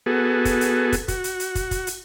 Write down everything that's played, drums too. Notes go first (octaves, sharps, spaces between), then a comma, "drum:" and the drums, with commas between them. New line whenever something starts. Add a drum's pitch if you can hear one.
B3 F#4 G#4 A4
drum: kick, hi-hat
drum: hi-hat
drum: kick, hi-hat
F#4, drum: kick, hi-hat
drum: hi-hat
drum: hi-hat
drum: kick, hi-hat
drum: kick, hi-hat
drum: hi-hat